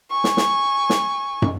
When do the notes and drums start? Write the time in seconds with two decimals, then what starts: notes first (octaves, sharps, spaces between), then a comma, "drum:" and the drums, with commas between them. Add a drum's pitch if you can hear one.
0.11 G#5 C#6
0.24 drum: snare
0.37 drum: snare
0.90 drum: snare
1.42 drum: tom